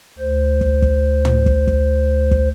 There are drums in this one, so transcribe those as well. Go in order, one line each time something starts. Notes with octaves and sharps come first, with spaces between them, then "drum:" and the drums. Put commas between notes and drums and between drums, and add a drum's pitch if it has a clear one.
D2 C5
drum: kick
drum: kick
drum: tom
drum: kick
drum: kick
drum: kick